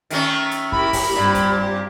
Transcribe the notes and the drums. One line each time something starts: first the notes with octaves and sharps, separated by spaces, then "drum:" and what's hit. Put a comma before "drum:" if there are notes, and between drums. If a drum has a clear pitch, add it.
D#3 A3 C#4, drum: hi-hat
drum: hi-hat
E4 G4 A#4 B5, drum: kick
drum: kick, open hi-hat
G2 A#2 C4 G4
drum: kick, hi-hat